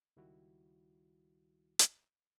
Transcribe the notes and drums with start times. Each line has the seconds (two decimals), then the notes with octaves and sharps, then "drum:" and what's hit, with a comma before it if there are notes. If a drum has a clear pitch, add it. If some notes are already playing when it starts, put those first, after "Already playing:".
0.16 C#2 D#3 G3 E4 F#4
1.79 drum: hi-hat